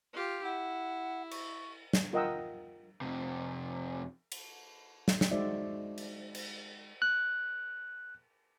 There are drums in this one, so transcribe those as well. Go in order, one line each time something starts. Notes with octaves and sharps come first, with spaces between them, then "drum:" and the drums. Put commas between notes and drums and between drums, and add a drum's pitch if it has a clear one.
F4 G4
E4 F#5
C#6, drum: cymbal
drum: snare
F4 A#4 D#5 F#5 G5 E6
F2 C3
drum: cymbal
drum: snare
drum: snare
G#3 D#4 F#4 C5 D5 E5
drum: cymbal
drum: cymbal
F#6